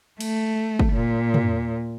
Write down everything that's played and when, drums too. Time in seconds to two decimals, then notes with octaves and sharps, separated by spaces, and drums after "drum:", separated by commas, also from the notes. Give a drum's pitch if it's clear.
0.20 A3, drum: cymbal
0.79 drum: kick
0.93 A#2
1.34 drum: tom